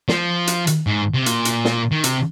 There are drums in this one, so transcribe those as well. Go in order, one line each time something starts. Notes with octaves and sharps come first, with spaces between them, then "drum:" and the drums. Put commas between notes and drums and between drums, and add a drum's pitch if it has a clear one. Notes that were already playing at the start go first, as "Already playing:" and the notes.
F3, drum: snare
drum: hi-hat
drum: hi-hat
G#2
C3
A#2, drum: hi-hat
drum: hi-hat
drum: snare
D#3
C3, drum: hi-hat